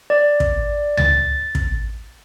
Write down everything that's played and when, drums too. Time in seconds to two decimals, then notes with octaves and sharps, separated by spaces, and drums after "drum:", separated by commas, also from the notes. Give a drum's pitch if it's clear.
0.10 D5
0.40 drum: kick
0.97 A6, drum: tom C#2
1.55 drum: kick